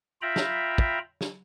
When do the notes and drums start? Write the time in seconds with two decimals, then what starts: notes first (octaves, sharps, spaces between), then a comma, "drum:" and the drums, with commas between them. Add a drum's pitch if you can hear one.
0.22 F4 E5 G5 A#5 B5
0.36 drum: snare
0.78 drum: kick
1.21 drum: snare